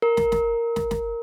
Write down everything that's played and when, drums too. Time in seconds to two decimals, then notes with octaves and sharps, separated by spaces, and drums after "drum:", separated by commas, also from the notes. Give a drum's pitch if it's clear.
0.02 A#4
0.17 drum: snare
0.32 drum: snare
0.76 drum: snare
0.91 drum: snare